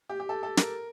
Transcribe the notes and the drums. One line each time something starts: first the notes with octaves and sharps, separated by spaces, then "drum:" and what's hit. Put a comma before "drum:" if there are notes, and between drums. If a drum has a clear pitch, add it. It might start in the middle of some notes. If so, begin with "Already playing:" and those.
G4
G4
A4
A4
A#4, drum: snare